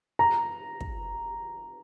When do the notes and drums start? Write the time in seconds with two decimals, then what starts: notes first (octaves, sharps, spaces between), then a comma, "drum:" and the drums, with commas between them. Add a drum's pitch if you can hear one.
0.19 A#5
0.81 drum: kick